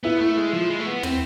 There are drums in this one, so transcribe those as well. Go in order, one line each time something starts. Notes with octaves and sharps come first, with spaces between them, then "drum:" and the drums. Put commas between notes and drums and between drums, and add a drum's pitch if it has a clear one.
B3 E4
A3
G#3
F3
G#3
A3
B3
C4, drum: tom